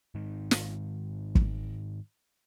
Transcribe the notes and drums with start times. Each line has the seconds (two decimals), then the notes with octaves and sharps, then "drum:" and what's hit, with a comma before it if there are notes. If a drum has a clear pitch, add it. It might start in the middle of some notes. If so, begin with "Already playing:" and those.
0.15 G#2 D#3
0.51 drum: snare
1.35 drum: kick